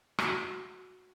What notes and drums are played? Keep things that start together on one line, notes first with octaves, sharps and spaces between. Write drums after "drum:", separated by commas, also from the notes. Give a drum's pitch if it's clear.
F#4, drum: rim click